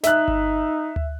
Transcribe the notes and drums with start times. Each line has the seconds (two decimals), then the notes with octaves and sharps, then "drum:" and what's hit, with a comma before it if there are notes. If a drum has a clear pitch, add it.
0.03 D#4 E5 F#6, drum: snare
0.28 drum: kick G1
0.96 drum: tom D2